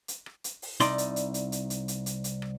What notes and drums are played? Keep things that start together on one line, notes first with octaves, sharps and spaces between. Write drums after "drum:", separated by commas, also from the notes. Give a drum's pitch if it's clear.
drum: hi-hat
drum: rim click
drum: hi-hat
drum: open hi-hat
C2 D#4 D5 C6, drum: hi-hat
drum: hi-hat
drum: hi-hat
drum: hi-hat
drum: hi-hat
drum: hi-hat
drum: hi-hat
drum: hi-hat
drum: hi-hat
drum: rim click